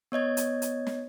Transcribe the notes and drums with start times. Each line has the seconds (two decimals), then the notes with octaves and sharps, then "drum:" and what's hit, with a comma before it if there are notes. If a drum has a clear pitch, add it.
0.12 B3 C#5 D#5 G#6
0.37 drum: hi-hat
0.62 drum: hi-hat
0.87 drum: snare